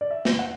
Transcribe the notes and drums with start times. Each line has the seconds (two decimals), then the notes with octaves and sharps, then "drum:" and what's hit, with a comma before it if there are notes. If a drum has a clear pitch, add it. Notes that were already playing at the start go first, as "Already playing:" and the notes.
0.01 D5
0.11 E5
0.25 drum: snare
0.39 F#5